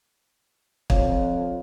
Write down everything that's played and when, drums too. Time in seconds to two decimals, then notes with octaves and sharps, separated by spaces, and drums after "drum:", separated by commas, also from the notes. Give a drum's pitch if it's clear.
0.90 F2 C#5 F5, drum: kick